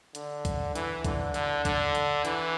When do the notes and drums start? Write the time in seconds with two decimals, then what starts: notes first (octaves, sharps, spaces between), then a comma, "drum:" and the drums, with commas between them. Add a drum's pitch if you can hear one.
0.15 D3, drum: hi-hat
0.45 drum: kick, hi-hat
0.75 E3, drum: hi-hat
1.04 D3, drum: kick, hi-hat
1.34 D3, drum: hi-hat
1.65 D3, drum: kick, hi-hat
1.95 drum: hi-hat
2.25 E3, drum: hi-hat